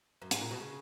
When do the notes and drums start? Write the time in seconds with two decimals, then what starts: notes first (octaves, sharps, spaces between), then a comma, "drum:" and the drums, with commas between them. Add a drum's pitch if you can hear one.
0.22 F#2
0.31 G#2, drum: hi-hat
0.41 A#2
0.51 B2
0.60 C#3